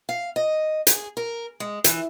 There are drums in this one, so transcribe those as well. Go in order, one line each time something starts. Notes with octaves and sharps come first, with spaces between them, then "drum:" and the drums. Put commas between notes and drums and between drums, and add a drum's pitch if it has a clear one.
F5
D#5
G#4, drum: hi-hat
A#4
G#3
E3, drum: hi-hat